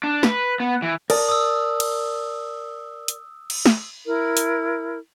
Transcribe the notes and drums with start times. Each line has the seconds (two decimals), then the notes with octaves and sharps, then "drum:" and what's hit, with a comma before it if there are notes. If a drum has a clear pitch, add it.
0.03 D4
0.23 B4, drum: snare
0.60 B3
0.82 E3
1.10 A#4 D5 A5 D#6, drum: cymbal
1.29 D#6 E6
1.80 drum: cymbal
3.08 drum: hi-hat
3.50 drum: cymbal
3.66 drum: snare
4.06 E4 A#4
4.37 drum: hi-hat